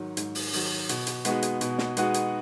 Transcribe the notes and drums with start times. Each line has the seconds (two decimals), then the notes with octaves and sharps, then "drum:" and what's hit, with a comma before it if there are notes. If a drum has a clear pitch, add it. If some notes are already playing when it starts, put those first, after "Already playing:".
Already playing: G#2 D#3 F#3
0.17 G#2, drum: hi-hat
0.35 drum: open hi-hat
0.53 D#3 F#3, drum: open hi-hat
0.89 B2, drum: hi-hat
1.07 drum: hi-hat
1.25 G#3 B3 D#4 F#4, drum: hi-hat
1.43 drum: hi-hat
1.61 B2, drum: hi-hat
1.78 drum: snare
1.97 G#3 B3 D#4 F#4, drum: hi-hat
2.14 drum: hi-hat